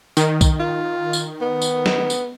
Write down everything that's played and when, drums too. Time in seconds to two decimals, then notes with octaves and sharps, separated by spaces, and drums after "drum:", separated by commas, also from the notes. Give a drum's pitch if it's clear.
0.17 D#3, drum: tambourine
0.41 drum: kick B1, tambourine
0.59 F4
1.13 drum: tambourine
1.41 B3
1.62 drum: tambourine
1.86 drum: snare
2.10 drum: tambourine